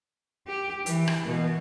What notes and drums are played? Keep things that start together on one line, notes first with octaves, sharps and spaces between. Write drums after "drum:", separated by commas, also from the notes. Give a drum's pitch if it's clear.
G4
E3, drum: hi-hat
drum: rim click
B2